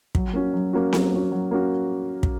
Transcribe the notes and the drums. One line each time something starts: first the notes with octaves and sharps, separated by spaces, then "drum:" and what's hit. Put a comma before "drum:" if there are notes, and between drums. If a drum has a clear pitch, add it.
F#3, drum: kick
A#3 C#4 F#4
F#3
A#3 C#4 F#4
F#3, drum: snare C4
A#3 C#4 F#4
F#3
A#3 C#4 F#4
drum: kick